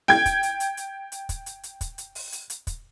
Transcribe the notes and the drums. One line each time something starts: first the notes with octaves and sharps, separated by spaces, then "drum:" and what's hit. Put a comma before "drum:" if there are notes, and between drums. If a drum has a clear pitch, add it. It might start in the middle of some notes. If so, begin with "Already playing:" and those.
G5 G#6, drum: snare
drum: kick, hi-hat
drum: hi-hat
drum: hi-hat
drum: hi-hat
drum: hi-hat
drum: kick, hi-hat
drum: hi-hat
drum: hi-hat
drum: kick, hi-hat
drum: hi-hat
drum: open hi-hat
drum: hi-hat
drum: hi-hat
drum: kick, hi-hat